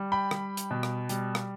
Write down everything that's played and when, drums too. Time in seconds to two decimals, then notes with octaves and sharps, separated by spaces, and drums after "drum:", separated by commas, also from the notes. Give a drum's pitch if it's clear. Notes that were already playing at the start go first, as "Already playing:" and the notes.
Already playing: G3
0.12 G5 B5
0.31 G3, drum: rim click
0.57 drum: hi-hat
0.71 B2
0.83 drum: rim click
1.09 G3, drum: hi-hat
1.35 drum: rim click